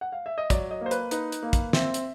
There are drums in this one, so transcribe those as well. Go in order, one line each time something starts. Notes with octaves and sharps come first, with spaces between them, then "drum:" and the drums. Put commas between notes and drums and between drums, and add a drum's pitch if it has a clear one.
F#5
F5
E5
D#5
F#3 D5, drum: kick, hi-hat
D#5
A#3 C5
B4, drum: hi-hat
D#4 B4, drum: hi-hat
drum: hi-hat
A#3
drum: kick, hi-hat
C4 E5, drum: snare
drum: hi-hat